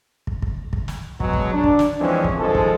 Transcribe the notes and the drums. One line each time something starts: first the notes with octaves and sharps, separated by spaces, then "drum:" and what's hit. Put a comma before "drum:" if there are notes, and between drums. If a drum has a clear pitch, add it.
drum: kick
drum: kick
drum: kick
drum: snare
B2 F#3 G#3, drum: kick
drum: kick
D4
drum: kick
drum: snare
F2 E3 F3 G#3 C4 C#4
drum: kick
G2 D#3 F3 G#3 A4
drum: kick